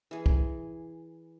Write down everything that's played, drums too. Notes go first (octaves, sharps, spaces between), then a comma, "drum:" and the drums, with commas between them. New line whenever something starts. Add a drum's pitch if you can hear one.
E3 G#4
drum: kick